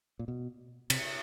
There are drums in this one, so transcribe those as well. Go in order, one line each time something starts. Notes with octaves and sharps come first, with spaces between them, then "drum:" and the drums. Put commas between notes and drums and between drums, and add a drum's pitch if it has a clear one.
A#2
B2
C3, drum: cymbal